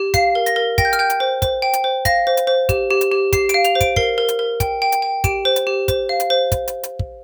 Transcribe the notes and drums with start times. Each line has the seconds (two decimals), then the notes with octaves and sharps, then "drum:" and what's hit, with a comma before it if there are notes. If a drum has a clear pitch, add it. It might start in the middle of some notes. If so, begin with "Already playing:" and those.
Already playing: G4
0.14 F5 C7, drum: kick, hi-hat
0.35 A#4
0.46 A#6, drum: hi-hat
0.56 A#4
0.78 G5 A#6, drum: kick, hi-hat
0.85 G6
0.93 F6, drum: hi-hat
0.99 G5 G6
1.10 drum: hi-hat
1.20 C5
1.42 C5, drum: kick, hi-hat
1.62 G5
1.73 drum: hi-hat
1.84 C5
2.05 F5 A#6, drum: kick, hi-hat
2.27 C5
2.37 drum: hi-hat
2.47 C5
2.69 G4, drum: kick, hi-hat
2.90 G4
3.01 drum: hi-hat
3.12 G4
3.33 G4 C7, drum: kick, hi-hat
3.49 D7, drum: hi-hat
3.54 F5
3.64 F7, drum: hi-hat
3.75 C5
3.81 D7, drum: kick, hi-hat
3.96 A#4 C7, drum: kick
4.18 A#4
4.28 drum: hi-hat
4.39 A#4
4.60 G5, drum: kick, hi-hat
4.82 G5
4.92 drum: hi-hat
5.02 G5
5.24 G4 D7, drum: kick, hi-hat
5.45 C5
5.56 drum: hi-hat
5.67 G4
5.88 C5, drum: kick, hi-hat
6.09 F5
6.20 drum: hi-hat
6.30 C5
6.52 drum: kick, hi-hat
6.68 drum: hi-hat
6.83 drum: hi-hat
6.99 drum: kick